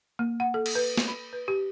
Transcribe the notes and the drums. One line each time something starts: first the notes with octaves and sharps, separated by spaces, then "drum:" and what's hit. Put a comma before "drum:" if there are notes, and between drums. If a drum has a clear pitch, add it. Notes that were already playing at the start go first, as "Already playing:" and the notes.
A#3
F#5
A4
drum: cymbal
B4
drum: snare
B5
B4
G4